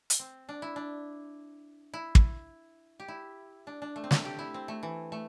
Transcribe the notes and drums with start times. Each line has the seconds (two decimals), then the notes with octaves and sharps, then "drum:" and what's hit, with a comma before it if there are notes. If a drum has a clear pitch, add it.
0.10 drum: hi-hat
0.19 C4
0.49 D4
0.62 E4
0.76 D4
1.94 E4
2.15 drum: kick
3.00 G4
3.08 E4
3.67 D4
3.82 D4
3.96 A3
4.04 C4
4.11 A3, drum: snare
4.25 G4
4.39 E4
4.54 C4
4.68 A3
4.83 E3
5.12 A3